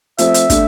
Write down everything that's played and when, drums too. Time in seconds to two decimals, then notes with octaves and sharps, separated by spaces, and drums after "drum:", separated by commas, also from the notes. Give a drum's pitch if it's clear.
0.18 F3 A3 C4 E5, drum: hi-hat
0.34 drum: hi-hat
0.50 A3 D4, drum: kick, hi-hat